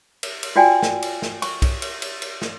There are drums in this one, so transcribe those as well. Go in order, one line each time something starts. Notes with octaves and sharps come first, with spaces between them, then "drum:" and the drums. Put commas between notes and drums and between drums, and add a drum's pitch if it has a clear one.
drum: cymbal
drum: cymbal
F4 F#4 D5 G5 G#5
drum: snare
drum: cymbal
drum: snare
C#6, drum: cymbal
drum: kick B1, cymbal
drum: cymbal
drum: cymbal
drum: cymbal
drum: snare